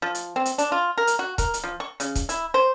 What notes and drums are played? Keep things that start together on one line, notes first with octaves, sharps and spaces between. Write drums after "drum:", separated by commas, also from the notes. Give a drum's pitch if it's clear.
F3
drum: hi-hat
C4
drum: hi-hat
D4, drum: hi-hat
F4
A#4
drum: hi-hat
F#4
A#4, drum: kick, hi-hat
drum: hi-hat
F3
C#6
C#3, drum: hi-hat
drum: kick, hi-hat
E4, drum: hi-hat
C5